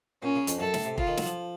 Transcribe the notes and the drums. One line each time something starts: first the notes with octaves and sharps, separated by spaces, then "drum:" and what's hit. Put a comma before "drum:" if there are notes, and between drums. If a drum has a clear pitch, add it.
A#2 C#4
C#3
F2, drum: hi-hat
F#2 A4
A2, drum: snare
C3
C#3 F4, drum: kick F1
D#3
F#3, drum: snare
F3